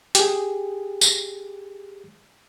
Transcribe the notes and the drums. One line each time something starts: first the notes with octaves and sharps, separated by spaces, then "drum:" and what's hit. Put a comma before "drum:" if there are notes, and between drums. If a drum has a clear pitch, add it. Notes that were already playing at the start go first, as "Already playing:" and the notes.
G4 G#4, drum: hi-hat
drum: tambourine